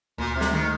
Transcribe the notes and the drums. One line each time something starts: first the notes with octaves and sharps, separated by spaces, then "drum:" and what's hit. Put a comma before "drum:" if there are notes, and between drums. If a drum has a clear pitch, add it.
D2 A#2
C3
A3, drum: snare
D#3